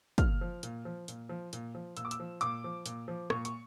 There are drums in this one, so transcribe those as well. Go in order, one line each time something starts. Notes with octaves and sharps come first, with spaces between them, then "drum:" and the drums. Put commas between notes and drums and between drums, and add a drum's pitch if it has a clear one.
A#2 F6, drum: kick, hi-hat
F3
A#2, drum: hi-hat
F3
A#2, drum: hi-hat
F3
A#2, drum: hi-hat
F3
A#2 E6, drum: hi-hat
D6
E6, drum: hi-hat
F3
A#2 D6, drum: hi-hat
F3
A#2, drum: hi-hat
F3
A#2 C#6, drum: rim click
C#6, drum: hi-hat